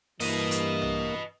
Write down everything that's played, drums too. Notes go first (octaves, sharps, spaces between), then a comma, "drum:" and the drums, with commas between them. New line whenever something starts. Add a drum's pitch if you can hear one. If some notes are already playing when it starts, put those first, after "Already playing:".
G2 E3 A#3 B4 D#5, drum: open hi-hat
drum: hi-hat
drum: tom A#1